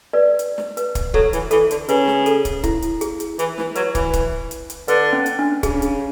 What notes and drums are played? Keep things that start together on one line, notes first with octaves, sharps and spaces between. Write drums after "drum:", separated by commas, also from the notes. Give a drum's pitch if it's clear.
B4 D5
drum: hi-hat
drum: snare
B4, drum: hi-hat
drum: kick, hi-hat
F#3 A4, drum: kick
E3, drum: hi-hat
E3 A4, drum: hi-hat
D3, drum: hi-hat
C#3 B4, drum: hi-hat
drum: snare
A4, drum: hi-hat
drum: kick, hi-hat
E4, drum: kick, hi-hat
drum: hi-hat
G#4, drum: hi-hat
drum: hi-hat
E3, drum: hi-hat
E3, drum: snare
F#3 B4, drum: hi-hat
E3, drum: kick, hi-hat
drum: kick, hi-hat
drum: hi-hat
drum: hi-hat
D3 B4, drum: hi-hat
C#4
drum: hi-hat
D4
C#3 G#4, drum: kick, hi-hat
drum: hi-hat